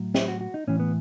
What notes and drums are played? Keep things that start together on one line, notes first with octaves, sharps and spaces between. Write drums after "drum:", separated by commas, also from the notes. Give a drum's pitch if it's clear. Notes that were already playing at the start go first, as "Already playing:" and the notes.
Already playing: A2 F#3
E4, drum: snare
F#4
F#4
D#4
A2 E3 C#4
B3